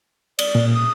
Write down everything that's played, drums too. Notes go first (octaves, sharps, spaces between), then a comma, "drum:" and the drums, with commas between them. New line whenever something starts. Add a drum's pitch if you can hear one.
D5, drum: cymbal
A#2
D#6